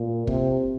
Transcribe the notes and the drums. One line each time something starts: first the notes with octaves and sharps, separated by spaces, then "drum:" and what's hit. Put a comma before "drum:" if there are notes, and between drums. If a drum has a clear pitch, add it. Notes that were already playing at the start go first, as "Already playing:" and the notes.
Already playing: A#2
C3, drum: kick